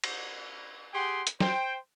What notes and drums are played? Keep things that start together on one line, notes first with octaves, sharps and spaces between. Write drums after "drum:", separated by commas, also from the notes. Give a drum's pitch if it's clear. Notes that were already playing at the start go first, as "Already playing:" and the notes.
drum: cymbal
G4 G#4 F#5 G5 C6
drum: hi-hat
C5 G5, drum: snare